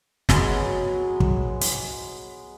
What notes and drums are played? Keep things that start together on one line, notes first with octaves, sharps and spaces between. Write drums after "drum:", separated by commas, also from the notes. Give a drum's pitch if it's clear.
F#3 G#3 B3 D#5, drum: snare
drum: kick
drum: hi-hat